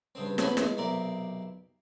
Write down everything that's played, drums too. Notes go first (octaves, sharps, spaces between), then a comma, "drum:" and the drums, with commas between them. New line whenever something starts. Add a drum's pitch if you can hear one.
G2 C#3 C4
B3 C#4 A4 C5 G#5 B5, drum: snare
G#3, drum: snare
B1 C3 A#4 D5